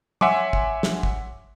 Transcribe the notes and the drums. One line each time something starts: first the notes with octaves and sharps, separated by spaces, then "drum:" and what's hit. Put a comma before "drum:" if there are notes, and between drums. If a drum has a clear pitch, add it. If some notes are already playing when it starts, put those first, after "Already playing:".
C#5 E5 F#5 G#5 C6 D6, drum: tom
drum: kick
drum: snare
drum: kick